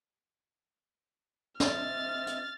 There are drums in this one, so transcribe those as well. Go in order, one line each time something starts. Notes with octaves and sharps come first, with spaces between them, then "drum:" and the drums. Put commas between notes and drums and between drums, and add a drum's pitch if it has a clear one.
C4 D#5 E5 F6 A6, drum: snare
drum: hi-hat